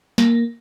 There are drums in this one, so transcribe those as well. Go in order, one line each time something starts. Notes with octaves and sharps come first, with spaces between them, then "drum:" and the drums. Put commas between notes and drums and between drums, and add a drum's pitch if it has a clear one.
A#3, drum: snare